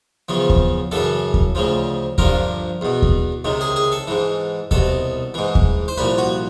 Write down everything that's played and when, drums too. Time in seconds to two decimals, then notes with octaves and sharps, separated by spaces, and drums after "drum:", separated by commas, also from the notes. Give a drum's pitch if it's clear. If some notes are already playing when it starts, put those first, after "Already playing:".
0.29 E2 C#3 F3
0.50 drum: kick D#2
0.92 F#2 C#3 E3 A4
1.34 drum: kick D#2
1.55 D2 C#3 F3
2.18 G2 D3 F3 A#4, drum: kick D#2
2.81 E2 B2
3.02 drum: kick D#2
3.45 C#2 C3 D#3
3.61 G#4
3.76 G#4
3.92 A4
4.08 G#2 E3
4.71 C2 B2 A4, drum: kick D#2
5.34 G#2 E3
5.55 drum: kick D#2
5.88 C5
5.98 C2 A#2 F3 B4
6.18 F#4